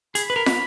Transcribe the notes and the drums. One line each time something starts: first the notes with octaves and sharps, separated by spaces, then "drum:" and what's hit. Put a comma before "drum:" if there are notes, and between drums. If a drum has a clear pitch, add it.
G#4 B5, drum: hi-hat
B4
A#4
drum: snare